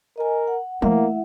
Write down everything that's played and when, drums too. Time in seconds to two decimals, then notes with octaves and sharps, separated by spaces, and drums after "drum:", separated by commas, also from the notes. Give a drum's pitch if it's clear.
0.18 A#4 D#5 G#5
0.47 F#5
0.82 A3 A#3 E4 E5 F#5, drum: tom E3